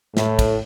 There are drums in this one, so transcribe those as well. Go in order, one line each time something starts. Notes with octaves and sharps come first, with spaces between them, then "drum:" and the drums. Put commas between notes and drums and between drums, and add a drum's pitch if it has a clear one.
A2, drum: snare
drum: kick, cymbal